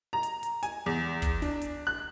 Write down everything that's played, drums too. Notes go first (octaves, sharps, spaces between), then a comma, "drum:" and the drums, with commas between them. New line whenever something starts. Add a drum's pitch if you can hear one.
A#5
drum: hi-hat
drum: hi-hat
G#5, drum: hi-hat
E2
drum: kick, hi-hat
D4, drum: open hi-hat
drum: hi-hat
F#6